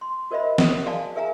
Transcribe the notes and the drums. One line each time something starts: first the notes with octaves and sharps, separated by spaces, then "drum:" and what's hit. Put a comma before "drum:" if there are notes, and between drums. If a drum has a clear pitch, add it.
C6
F#4 A#4 C5 D#5 E5 B5
A#4 D#6, drum: snare
F#4 G#4 D5 F5 G#5 A5
G#4 A#4 E5 F5 G#5 A#5